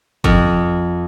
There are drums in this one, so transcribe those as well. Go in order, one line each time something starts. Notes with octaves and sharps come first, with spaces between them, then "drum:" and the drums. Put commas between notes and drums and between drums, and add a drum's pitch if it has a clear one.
F2, drum: kick